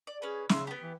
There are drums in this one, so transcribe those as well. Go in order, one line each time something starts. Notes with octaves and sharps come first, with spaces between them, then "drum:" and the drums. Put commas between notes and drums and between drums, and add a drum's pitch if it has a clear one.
D5
C#4 G#4 B4
C#3 E5 C6, drum: snare
B3 G4
E3